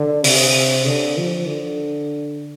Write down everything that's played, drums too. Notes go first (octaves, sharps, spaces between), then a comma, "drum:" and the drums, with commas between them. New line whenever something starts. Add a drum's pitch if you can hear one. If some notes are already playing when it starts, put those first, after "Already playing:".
Already playing: D3
C3, drum: open hi-hat
D3
F3
D3